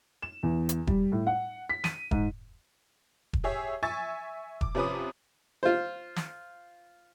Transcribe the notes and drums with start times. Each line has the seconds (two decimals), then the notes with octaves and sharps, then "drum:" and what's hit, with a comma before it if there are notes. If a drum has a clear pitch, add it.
0.22 E7
0.43 E2
0.69 drum: hi-hat
0.87 G3, drum: kick E1
1.12 A2
1.27 F#5
1.69 B6
1.84 D#7, drum: snare
2.11 G#2, drum: kick E1
3.33 drum: kick E1
3.44 G4 G#4 C#5 E5
3.83 E5 G#5 C#6 E6 G#6 A6
4.61 D6, drum: kick E1
4.75 C3 F3 C#4 B4 D6 D#6
5.63 F4 C5
6.16 drum: snare